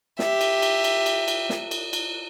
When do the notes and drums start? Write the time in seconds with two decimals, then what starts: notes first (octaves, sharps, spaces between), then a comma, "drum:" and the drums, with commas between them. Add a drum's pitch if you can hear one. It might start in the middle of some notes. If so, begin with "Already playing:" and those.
0.19 G4 E5, drum: snare
0.41 drum: cymbal
0.62 drum: cymbal
0.84 drum: cymbal
1.06 drum: cymbal
1.28 drum: cymbal
1.50 drum: snare
1.71 drum: cymbal
1.93 drum: cymbal